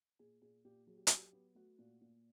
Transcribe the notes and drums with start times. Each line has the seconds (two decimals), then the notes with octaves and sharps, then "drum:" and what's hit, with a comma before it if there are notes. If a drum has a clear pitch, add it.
0.19 A#2 G#4
0.42 A#2 G#4
0.65 A#2 G4
0.87 F#3 G#4
0.97 G4
1.07 F#3 F#4, drum: hi-hat
1.16 G4
1.33 B3
1.55 A3 F#4
1.79 A#2
2.01 A#2